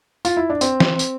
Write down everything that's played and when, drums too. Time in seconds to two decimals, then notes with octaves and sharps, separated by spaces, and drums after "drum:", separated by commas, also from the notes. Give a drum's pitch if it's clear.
0.25 F4, drum: tambourine
0.37 E4
0.50 D4
0.61 C4, drum: tambourine
0.80 drum: snare
0.99 drum: tambourine